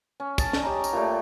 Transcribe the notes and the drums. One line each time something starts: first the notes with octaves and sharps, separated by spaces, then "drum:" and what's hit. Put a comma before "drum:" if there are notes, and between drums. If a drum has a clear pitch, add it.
C#4
G#4 A5, drum: kick, tambourine
drum: snare
G4 C#5 D#5 A#5
drum: tambourine
A#2 G3 A3